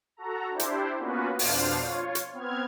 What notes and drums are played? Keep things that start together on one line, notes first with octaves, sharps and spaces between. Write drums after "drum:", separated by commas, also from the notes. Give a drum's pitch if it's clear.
F#4 A4 A#5
D4 E4 G4 C5
drum: hi-hat
A#3 B3 C#4 F4 F#4 B4
F2 B2 D4 C5 F5, drum: open hi-hat
F4 C#5
drum: hi-hat
B3 C4 F6 G#6